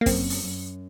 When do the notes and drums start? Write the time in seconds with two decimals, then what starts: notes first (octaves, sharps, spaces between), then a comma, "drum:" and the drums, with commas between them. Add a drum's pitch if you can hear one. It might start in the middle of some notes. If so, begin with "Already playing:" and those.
0.01 A#3
0.06 F#2 C4, drum: kick, open hi-hat
0.30 drum: open hi-hat
0.42 F#2